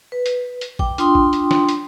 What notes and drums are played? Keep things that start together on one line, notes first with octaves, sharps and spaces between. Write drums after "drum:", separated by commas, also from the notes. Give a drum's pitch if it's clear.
B4
drum: hi-hat
drum: hi-hat
G5 D6, drum: kick A1
D4 F4 G5 C6 D#6, drum: hi-hat
drum: kick A1
drum: hi-hat
drum: snare
drum: hi-hat